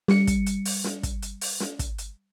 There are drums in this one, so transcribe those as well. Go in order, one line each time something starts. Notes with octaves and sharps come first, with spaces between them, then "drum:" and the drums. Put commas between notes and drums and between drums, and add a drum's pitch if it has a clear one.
G3 C#7, drum: snare
drum: kick, hi-hat
drum: hi-hat
drum: open hi-hat
drum: snare
drum: kick, hi-hat
drum: hi-hat
drum: open hi-hat
drum: snare
drum: kick, hi-hat
drum: hi-hat